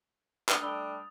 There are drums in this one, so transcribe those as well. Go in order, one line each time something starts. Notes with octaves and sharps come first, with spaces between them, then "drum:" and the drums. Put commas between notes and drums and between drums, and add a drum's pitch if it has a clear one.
D4 D#6 A6 F7, drum: clap
G3 A3 D4 B5 E6 G7